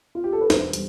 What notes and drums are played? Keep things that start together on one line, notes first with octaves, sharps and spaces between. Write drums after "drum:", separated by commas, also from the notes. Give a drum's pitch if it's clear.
F4
G4
A4
B4
E1 C5, drum: snare
G3, drum: hi-hat